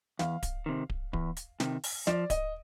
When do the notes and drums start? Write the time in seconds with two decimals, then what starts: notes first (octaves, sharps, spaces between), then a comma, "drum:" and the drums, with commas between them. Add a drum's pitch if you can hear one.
0.19 E2 F5, drum: snare
0.43 drum: kick D1, hi-hat
0.66 C3 D#3
0.90 drum: kick D1
1.13 E2, drum: kick D1
1.37 drum: hi-hat
1.60 C3 D#3, drum: snare
1.84 drum: open hi-hat
2.07 F3 D5, drum: snare
2.30 D#5, drum: kick D1, hi-hat